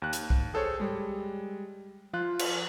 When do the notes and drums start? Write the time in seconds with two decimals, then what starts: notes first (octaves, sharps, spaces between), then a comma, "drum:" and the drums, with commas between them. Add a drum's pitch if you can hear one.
0.02 D#2 F#6
0.13 drum: hi-hat
0.30 drum: kick
0.54 G#4 A4 C5 C#5
0.80 G3 G#3
2.13 F3 F4 F#6
2.39 drum: cymbal